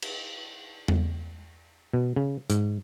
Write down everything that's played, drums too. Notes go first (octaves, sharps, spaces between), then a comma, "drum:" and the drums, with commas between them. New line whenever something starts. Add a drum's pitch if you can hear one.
drum: cymbal
drum: tom E2
B2
C#3
G#2, drum: hi-hat